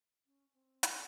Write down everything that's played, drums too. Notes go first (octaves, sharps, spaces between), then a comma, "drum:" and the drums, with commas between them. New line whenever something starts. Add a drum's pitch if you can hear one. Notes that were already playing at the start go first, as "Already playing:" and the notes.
C#4
C4
A4 A#4, drum: hi-hat